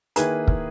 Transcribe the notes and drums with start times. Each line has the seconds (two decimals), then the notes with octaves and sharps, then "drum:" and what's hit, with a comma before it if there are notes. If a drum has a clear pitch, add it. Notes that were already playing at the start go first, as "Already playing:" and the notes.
0.16 D#3 A#3 E4 G#4 B4, drum: hi-hat
0.48 drum: kick